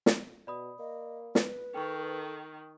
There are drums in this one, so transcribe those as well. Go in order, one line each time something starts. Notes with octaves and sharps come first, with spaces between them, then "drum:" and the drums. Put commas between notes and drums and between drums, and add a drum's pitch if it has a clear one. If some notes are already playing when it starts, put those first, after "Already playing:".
drum: snare
B2 D5 B5 D#6
A#3 D#5
B4, drum: snare
D#3 A4 G5 C#6